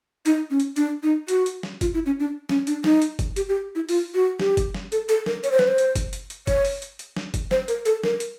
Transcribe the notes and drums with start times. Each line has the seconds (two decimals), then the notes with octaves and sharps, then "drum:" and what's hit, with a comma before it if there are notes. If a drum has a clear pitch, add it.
0.26 D#4, drum: hi-hat
0.51 C#4
0.60 drum: hi-hat
0.76 D4, drum: hi-hat
1.03 D#4
1.28 F#4, drum: hi-hat
1.46 drum: hi-hat
1.63 drum: snare
1.81 F4, drum: kick, hi-hat
1.94 E4
2.06 C#4
2.20 D4
2.49 C#4, drum: snare
2.67 D4, drum: hi-hat
2.84 D#4, drum: snare
3.02 drum: hi-hat
3.19 drum: kick, hi-hat
3.36 G4, drum: hi-hat
3.49 G4
3.75 E4
3.89 F4, drum: open hi-hat
4.14 F#4
4.40 G4, drum: snare
4.57 drum: kick, hi-hat
4.74 drum: snare
4.92 A4, drum: hi-hat
5.09 A4, drum: hi-hat
5.26 A#4, drum: snare
5.44 C#5, drum: hi-hat
5.51 C5
5.59 B4, drum: snare
5.67 C5
5.78 drum: hi-hat
5.95 drum: kick, hi-hat
6.13 drum: hi-hat
6.30 drum: hi-hat
6.47 C#5, drum: kick, hi-hat
6.65 drum: open hi-hat
6.82 drum: hi-hat
6.99 drum: hi-hat
7.16 drum: snare
7.34 drum: kick, hi-hat
7.51 C5, drum: snare
7.68 A#4, drum: hi-hat
7.85 A4, drum: hi-hat
8.04 A#4, drum: snare
8.20 drum: hi-hat